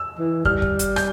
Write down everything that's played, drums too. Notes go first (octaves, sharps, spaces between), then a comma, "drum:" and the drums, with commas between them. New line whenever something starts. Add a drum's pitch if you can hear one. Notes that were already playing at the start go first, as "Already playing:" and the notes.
Already playing: E6
E3
G3 F6, drum: kick
drum: kick
drum: hi-hat
G6, drum: rim click